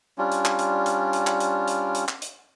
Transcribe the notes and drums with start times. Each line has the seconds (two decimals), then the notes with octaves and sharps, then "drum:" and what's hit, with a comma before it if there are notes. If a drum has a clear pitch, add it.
0.18 G3 C#4 D4 F4
0.32 drum: hi-hat
0.45 drum: clap
0.59 drum: hi-hat
0.86 drum: hi-hat
1.13 drum: hi-hat
1.27 drum: clap
1.40 drum: hi-hat
1.68 drum: hi-hat
1.95 drum: hi-hat
2.08 drum: clap
2.22 drum: hi-hat